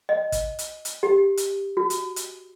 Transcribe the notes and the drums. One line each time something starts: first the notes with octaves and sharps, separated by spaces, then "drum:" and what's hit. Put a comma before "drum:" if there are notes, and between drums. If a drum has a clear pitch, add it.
D#5
drum: kick, hi-hat
drum: hi-hat
drum: hi-hat
G4
drum: hi-hat
F#4
drum: hi-hat
drum: hi-hat